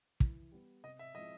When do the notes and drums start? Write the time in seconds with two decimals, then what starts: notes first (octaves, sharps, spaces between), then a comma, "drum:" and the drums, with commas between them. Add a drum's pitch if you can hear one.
0.20 E3, drum: kick
0.52 G3 B3
0.83 C3 D#5
0.99 E5
1.14 F3 G#3 C4 E4 D#5